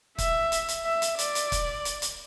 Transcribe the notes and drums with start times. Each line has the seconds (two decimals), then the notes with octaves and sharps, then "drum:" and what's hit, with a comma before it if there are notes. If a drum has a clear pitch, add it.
0.18 E5, drum: kick, hi-hat
0.52 drum: hi-hat
0.68 drum: hi-hat
0.85 E5
1.02 drum: hi-hat
1.19 D5, drum: hi-hat
1.35 drum: hi-hat
1.52 drum: kick, hi-hat
1.85 drum: hi-hat
2.02 drum: hi-hat